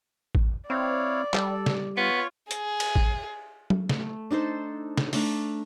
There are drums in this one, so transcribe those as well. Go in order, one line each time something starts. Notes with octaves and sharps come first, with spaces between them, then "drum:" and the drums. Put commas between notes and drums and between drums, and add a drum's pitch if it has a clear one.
drum: kick A1
C4 E4 C#5 D5 F5
G3 A4, drum: clap
drum: snare
B3 F4 C#5 C#6
G#4, drum: hi-hat
drum: cymbal
drum: kick A1
drum: tom F#3
A3, drum: snare
D4 D#4 A4 C5
drum: snare
A3 D4 A#5, drum: open hi-hat